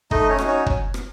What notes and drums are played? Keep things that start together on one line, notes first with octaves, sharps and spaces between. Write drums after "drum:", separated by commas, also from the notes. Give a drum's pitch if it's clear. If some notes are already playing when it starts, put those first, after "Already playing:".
A3 D#4 D#5, drum: kick
C#4 C#5
D#4 F#4, drum: rim click
C#4 C#5
drum: kick
drum: rim click